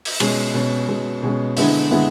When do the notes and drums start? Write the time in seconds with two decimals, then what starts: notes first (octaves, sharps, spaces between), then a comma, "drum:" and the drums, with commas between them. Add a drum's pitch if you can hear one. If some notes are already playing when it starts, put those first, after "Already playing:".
0.05 drum: open hi-hat
0.20 B2 G#3 C#4, drum: cymbal
0.54 B2 G#3 C#4
0.88 B2 G#3 C#4
1.23 B2 G#3 C#4
1.57 D3 G#3 B3 E4, drum: open hi-hat
1.91 D3 G#3 B3 E4